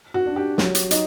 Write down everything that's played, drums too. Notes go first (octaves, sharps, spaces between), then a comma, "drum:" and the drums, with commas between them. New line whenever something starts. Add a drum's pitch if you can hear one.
F#4
D4
G4
F#3, drum: snare
drum: hi-hat
D#4, drum: hi-hat